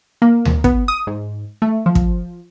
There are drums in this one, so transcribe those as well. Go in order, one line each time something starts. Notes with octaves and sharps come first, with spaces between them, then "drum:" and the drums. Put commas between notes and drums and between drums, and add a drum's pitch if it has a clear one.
A#3
drum: tom D2
B3, drum: kick
D#6
G#2
A3
F3
drum: kick